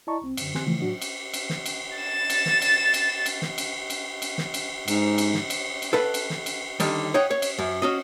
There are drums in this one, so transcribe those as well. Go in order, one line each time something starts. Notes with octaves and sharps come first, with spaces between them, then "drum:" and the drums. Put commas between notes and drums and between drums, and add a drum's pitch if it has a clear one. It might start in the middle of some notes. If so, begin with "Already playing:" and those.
E4 D5 D#5 A5 A#5 C#6
C2 C4
F#2 D3, drum: cymbal
D#3 C4 G4 G#5 C6 F#6, drum: snare
C#3 E3 F3 A3
A2 F#3 D4 F#4
drum: cymbal
drum: cymbal
drum: snare
drum: cymbal
A6 E7
drum: cymbal
drum: snare
drum: cymbal
drum: cymbal
drum: cymbal
drum: snare
drum: cymbal
drum: cymbal
drum: cymbal
drum: snare
drum: cymbal
G#2, drum: cymbal
drum: cymbal
drum: snare
drum: cymbal
drum: cymbal
A4 B4 F#5
drum: cymbal
drum: snare
drum: cymbal
D3 D#3 G3, drum: cymbal
C#5 D#5 F#5 G5
C#5
drum: cymbal
F#2
C#4 F#4 D#5